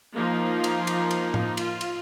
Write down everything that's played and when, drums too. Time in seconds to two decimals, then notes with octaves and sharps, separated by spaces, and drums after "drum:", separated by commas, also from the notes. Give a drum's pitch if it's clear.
0.15 F3 A#3 D#4
0.64 drum: cymbal
0.87 drum: cymbal
1.11 drum: cymbal
1.34 drum: tom A2
1.57 F4, drum: cymbal
1.81 drum: cymbal